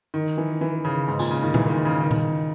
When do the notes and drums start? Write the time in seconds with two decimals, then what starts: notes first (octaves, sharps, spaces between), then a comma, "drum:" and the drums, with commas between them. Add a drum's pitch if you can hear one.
0.14 D#3
0.37 E3
0.61 E3
0.85 C#3
1.08 G#2
1.19 A#2, drum: tambourine
1.31 C#3
1.43 D#3
1.54 E3, drum: tom A#2
1.70 D#3
1.85 C#3
2.01 D#3
2.11 drum: tom A#2